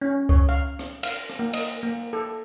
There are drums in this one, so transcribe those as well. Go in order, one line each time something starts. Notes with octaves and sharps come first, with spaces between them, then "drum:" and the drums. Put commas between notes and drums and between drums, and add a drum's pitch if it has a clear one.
C#4
C#5, drum: kick C#2
F5
drum: rim click
F5, drum: cymbal
drum: rim click
A#3
D#5, drum: cymbal
A#3
A4